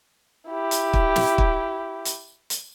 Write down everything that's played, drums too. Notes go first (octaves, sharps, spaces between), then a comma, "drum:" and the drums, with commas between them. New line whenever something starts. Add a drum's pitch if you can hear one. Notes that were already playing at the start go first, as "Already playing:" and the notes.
E4 G4
drum: hi-hat
drum: kick
drum: snare
drum: kick
drum: hi-hat
drum: hi-hat